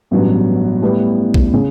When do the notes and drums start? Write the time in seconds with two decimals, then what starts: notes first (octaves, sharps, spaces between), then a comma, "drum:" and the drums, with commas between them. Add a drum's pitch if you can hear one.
0.11 A1 G2 F#3 B3
0.82 A2 G3 B3
1.34 drum: kick A#1
1.53 C#3